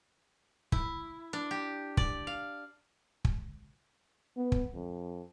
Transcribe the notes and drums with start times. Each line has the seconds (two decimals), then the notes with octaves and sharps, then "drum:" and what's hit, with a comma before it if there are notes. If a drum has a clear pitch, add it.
0.72 E4, drum: kick
1.33 D4
1.51 G4
1.97 D5, drum: kick
2.27 F5
3.25 drum: kick
4.37 B3
4.52 drum: kick
4.74 F2